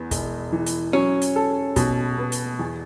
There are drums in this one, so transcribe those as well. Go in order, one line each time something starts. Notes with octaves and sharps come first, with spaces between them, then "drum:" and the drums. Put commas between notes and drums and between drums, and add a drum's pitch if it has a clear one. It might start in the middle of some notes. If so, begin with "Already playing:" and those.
Already playing: E2 B3
E1, drum: kick, hi-hat
E3
drum: hi-hat
F#3 C#4
drum: hi-hat
A4
B2, drum: kick, hi-hat
B3
drum: hi-hat
E2